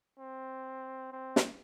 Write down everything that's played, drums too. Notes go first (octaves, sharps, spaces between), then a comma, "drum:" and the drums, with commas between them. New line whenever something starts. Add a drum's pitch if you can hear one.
C4
C4
drum: snare